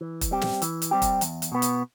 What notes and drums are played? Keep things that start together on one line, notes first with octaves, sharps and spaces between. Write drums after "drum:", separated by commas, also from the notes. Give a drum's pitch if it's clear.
E3
drum: kick E1, hi-hat
G3 C4 G4
drum: snare
E3, drum: hi-hat
drum: hi-hat
G3 C4 G4
drum: kick E1, hi-hat
E2, drum: hi-hat
drum: hi-hat
B2 B3
drum: hi-hat